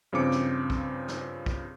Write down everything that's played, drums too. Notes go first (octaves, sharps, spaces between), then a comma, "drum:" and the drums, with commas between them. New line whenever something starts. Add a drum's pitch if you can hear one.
G2 C#3 F3 C4 D6 C#7
drum: snare
drum: kick
drum: snare
drum: kick